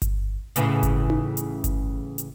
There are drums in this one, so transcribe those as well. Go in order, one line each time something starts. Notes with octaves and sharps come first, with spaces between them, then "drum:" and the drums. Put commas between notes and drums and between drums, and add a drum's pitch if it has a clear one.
drum: kick G1, hi-hat
A2 C#3 E3, drum: hi-hat
drum: kick G1, hi-hat
drum: tom D#4
drum: hi-hat
drum: kick G1, hi-hat
drum: hi-hat